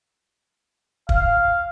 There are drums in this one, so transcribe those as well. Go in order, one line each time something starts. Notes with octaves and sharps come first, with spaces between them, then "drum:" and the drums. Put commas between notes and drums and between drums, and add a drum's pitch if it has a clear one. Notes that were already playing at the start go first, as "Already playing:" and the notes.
F5, drum: kick